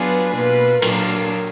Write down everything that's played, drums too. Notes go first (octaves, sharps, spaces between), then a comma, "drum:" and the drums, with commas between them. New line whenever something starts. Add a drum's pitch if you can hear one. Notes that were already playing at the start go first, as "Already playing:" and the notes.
Already playing: F#3 B3 D4 F4 G#4 B4
B2 A#3 F4 B4
A#2 F#3 A#3 D4 F4 A#4, drum: cymbal